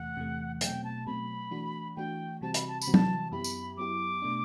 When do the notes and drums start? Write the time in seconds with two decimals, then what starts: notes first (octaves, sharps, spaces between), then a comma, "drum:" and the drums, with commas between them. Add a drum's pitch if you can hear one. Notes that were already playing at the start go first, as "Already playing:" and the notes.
Already playing: E2 C3 E3 A3 F#5
0.16 E2 C3 E3 A3
0.61 B2 F#3 A3 C4 G5, drum: hi-hat
0.84 A5
1.07 B2 F#3 A3 C4 B5
1.51 E3 A3 D4 F#4
1.96 E3 A3 D4 F#4 G5
2.41 C3 E3 G3 C4 F#4 A5
2.54 B5, drum: hi-hat
2.68 A5
2.82 B5, drum: tambourine
2.87 C3 E3 G3 C4 F#4
2.94 A5, drum: tom F#3
3.32 F#2 F#3 B3 E4 G4 B5
3.44 drum: tambourine
3.77 F#2 F#3 B3 E4 G4 D6
4.22 B2 A3 D4